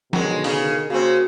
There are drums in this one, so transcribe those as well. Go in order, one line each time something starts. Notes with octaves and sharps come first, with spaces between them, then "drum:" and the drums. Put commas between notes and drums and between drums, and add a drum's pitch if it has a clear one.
B2 D3 D#3 F#3 G#3, drum: snare
C#3, drum: open hi-hat
C#3 A#3 C4 F#4